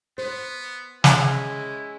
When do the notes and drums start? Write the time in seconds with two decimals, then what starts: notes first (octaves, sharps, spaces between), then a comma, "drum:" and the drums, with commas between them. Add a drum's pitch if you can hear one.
0.18 B3 C5
1.04 G#3 C#4 E4, drum: snare